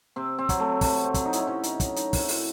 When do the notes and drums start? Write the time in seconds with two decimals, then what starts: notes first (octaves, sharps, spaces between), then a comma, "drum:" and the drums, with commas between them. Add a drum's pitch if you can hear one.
0.16 C3 C4
0.38 C4
0.49 F#3, drum: kick, hi-hat
0.60 A3
0.81 C3 A3, drum: kick, open hi-hat
1.04 C4
1.14 F#3, drum: kick, hi-hat
1.25 D#4
1.33 E4, drum: hi-hat
1.40 D#4
1.47 C3 C#4
1.63 D#4, drum: hi-hat
1.80 F#3, drum: kick, hi-hat
1.96 D#4, drum: hi-hat
2.13 C3 E4, drum: kick, open hi-hat
2.29 F#4, drum: open hi-hat